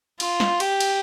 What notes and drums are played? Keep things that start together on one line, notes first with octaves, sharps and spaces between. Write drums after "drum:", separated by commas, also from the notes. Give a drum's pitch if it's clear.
F4, drum: cymbal
drum: snare
G4, drum: cymbal
drum: cymbal